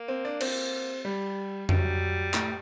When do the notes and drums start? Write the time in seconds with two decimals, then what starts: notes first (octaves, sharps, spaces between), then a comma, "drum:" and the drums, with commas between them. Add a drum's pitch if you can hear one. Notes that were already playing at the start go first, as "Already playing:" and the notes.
Already playing: A#3
0.08 C4
0.25 D4
0.41 C4, drum: cymbal
1.05 G3
1.69 F#3 G3, drum: tom F2
2.34 A2, drum: clap